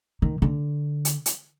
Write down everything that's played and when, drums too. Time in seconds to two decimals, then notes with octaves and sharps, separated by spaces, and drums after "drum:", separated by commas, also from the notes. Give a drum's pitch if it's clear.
0.22 D#3
0.42 D3
1.05 drum: hi-hat
1.26 drum: hi-hat